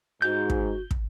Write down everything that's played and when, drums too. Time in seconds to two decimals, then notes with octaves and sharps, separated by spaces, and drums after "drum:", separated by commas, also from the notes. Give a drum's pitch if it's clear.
0.22 G#2 F#4 G6
0.50 drum: kick
0.91 drum: kick